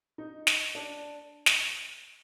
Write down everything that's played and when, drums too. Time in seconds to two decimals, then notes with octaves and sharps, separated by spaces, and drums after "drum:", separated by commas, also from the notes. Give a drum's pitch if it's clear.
0.18 D#4
0.47 drum: snare
0.75 D4
1.46 drum: snare